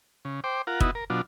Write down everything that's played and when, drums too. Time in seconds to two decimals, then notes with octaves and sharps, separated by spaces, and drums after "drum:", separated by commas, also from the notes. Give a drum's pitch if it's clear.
0.25 C#3
0.44 C5 G5 D6
0.67 F4 A#4 F#5
0.80 B3 D#4 E4 F#4, drum: kick
0.95 A#4
1.10 B2 F#3 D4 F4